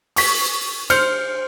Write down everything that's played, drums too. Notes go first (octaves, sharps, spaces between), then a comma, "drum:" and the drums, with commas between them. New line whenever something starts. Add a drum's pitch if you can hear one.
C#6 B6, drum: open hi-hat
C5 F6 C#7, drum: cymbal